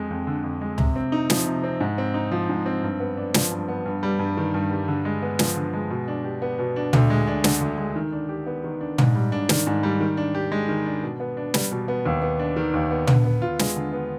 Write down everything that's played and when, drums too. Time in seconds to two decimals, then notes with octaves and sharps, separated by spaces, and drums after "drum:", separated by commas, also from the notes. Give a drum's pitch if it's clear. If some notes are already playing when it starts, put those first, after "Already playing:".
Already playing: F2 G#3
0.10 F2
0.27 D3
0.44 F2
0.61 G#3
0.78 C3, drum: tom C#2
0.96 C4
1.12 D#4
1.30 F3, drum: snare
1.46 C3
1.64 C4
1.80 G#2
1.98 C4
2.14 D#4
2.32 F3
2.49 G#2
2.66 C4
2.83 G2
3.00 B3
3.17 D4
3.34 F3, drum: snare
3.51 G2
3.68 B3
3.86 G2
4.03 G3
4.19 G2
4.37 D#3
4.54 G2
4.71 G3
4.88 D3
5.05 G#3
5.22 B3
5.39 F3, drum: snare
5.56 D3
5.73 G#3
5.90 B2
6.08 D4
6.24 G4
6.42 B3
6.59 B2
6.76 D4
6.93 D2, drum: tom
7.10 G#3
7.27 D4
7.44 D3, drum: snare
7.61 D2
7.78 G#3
7.96 D#3
8.13 D4
8.29 G4
8.46 B3
8.64 D#3
8.81 D4
8.98 G#2, drum: tom
9.15 G3
9.32 D4
9.49 D#3, drum: snare
9.67 G#2
9.83 G3
10.01 D#3
10.17 D4
10.35 G4
10.52 G#3
10.68 D#3
10.86 D4
11.03 B2
11.20 B3
11.37 D4
11.54 G3, drum: snare
11.72 B2
11.88 B3
12.06 D#2
12.22 B3
12.39 D4
12.56 D#3
12.74 D#2
12.91 B3
13.07 D3, drum: tom
13.25 B3
13.42 F4
13.59 G#3, drum: snare
13.76 D3
13.93 B3